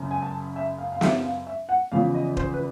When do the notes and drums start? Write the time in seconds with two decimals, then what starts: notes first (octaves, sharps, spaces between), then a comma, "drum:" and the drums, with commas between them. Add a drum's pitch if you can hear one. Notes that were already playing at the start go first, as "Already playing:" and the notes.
Already playing: F#1 F#2 C#3
0.11 G#5
0.22 A5
0.56 E5
0.78 F5
0.92 F5
1.01 E5, drum: snare
1.23 F5
1.47 E5
1.69 F#5
1.92 E2 C#3 F3 F5
2.15 D#5
2.37 C5, drum: kick D#1
2.54 B4